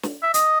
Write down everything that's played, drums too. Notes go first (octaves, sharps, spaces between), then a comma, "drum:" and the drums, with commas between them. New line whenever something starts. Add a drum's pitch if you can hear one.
drum: snare
E5
D#5, drum: hi-hat